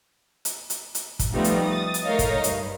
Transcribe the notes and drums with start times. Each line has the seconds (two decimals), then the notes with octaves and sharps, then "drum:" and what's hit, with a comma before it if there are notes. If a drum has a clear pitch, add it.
0.45 drum: hi-hat
0.70 drum: hi-hat
0.95 drum: hi-hat
1.19 drum: kick, hi-hat
1.33 F3 G3 A3 B3 D#4 F4
1.44 drum: hi-hat
1.66 D#6 A6
1.94 drum: hi-hat
2.04 A3 D#4 A#4 C#5 D#5 F5
2.19 drum: kick, hi-hat
2.44 G2, drum: hi-hat